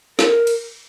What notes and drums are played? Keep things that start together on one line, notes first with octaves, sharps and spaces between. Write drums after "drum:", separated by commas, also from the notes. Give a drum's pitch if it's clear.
A#4, drum: snare
drum: cymbal